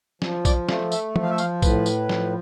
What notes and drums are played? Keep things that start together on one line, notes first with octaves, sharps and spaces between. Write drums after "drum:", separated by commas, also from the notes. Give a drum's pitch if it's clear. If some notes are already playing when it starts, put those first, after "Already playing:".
F3, drum: snare
D5, drum: kick A#1, tambourine
A3 F5, drum: snare
E5, drum: tambourine
F3, drum: tom
F5
E5
F5, drum: tambourine
A2 B4, drum: kick A#1, tambourine
drum: tambourine
F3, drum: snare